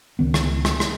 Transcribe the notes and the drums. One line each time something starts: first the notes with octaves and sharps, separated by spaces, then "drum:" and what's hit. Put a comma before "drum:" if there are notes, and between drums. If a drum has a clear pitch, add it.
C#2 D#3 B3
drum: rim click
drum: rim click
drum: rim click